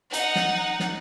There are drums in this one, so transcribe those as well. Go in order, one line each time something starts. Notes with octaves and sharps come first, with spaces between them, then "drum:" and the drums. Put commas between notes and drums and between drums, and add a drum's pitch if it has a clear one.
D#4 F#5, drum: hi-hat
drum: snare
drum: snare